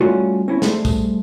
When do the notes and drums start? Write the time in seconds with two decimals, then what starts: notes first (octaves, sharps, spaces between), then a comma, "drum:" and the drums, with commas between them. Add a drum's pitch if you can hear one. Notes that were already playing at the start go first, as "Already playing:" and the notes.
0.01 G3 A3 C#4 F4 F#4
0.48 C4 C#4 E4
0.62 G3 A3 G#4 A4 C5, drum: snare
0.85 drum: kick, tambourine